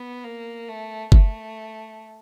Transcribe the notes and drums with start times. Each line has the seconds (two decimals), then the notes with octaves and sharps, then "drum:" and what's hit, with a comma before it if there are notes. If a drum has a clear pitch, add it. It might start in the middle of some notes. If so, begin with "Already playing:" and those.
Already playing: B3
0.24 A#3
0.69 A3
1.12 A3, drum: kick F#1